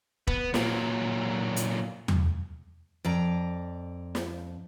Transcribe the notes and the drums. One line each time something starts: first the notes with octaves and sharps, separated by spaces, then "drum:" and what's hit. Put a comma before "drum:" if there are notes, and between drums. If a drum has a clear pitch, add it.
B3, drum: kick E1
A#2 F#3, drum: snare
drum: hi-hat
drum: tom E2
F2 D5 A#5
drum: snare